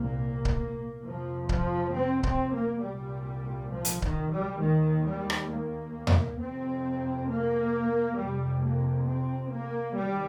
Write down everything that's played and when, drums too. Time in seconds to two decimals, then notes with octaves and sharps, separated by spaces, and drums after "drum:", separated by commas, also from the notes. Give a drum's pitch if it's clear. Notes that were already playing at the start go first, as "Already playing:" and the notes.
Already playing: C2 A#2 A#3
0.45 drum: kick C#1
1.05 F2 C3 F3
1.49 F3, drum: kick C#1
1.94 C4
2.23 C4, drum: kick C#1
2.54 A#3
2.83 C2 A#2 G3
3.72 F3
3.85 drum: hi-hat
4.02 D#3, drum: kick C#1
4.32 G3
4.61 D#2 D#3
5.06 G3
5.30 drum: rim click
5.50 A#3
6.07 drum: tom E2
6.39 F2 C3 C4
7.28 A#3
8.17 F2 C3 G3
8.62 A#3
9.07 C4
9.51 A#3
9.96 D#2 G3